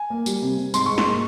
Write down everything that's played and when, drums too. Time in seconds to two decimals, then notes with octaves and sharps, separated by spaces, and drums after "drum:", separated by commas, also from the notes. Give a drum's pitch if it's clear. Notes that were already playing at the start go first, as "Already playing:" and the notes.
Already playing: G#5
0.10 A#3
0.26 G3, drum: tambourine
0.42 C3
0.58 C3
0.74 G#2 C6, drum: tambourine
0.86 G#2 C#6
0.98 C6, drum: snare
1.06 A#3 C#6